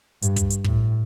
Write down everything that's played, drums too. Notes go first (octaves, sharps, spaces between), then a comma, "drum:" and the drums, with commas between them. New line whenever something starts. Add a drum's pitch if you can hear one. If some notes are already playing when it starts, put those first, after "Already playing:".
G2, drum: hi-hat
drum: kick, hi-hat
drum: hi-hat
A2, drum: kick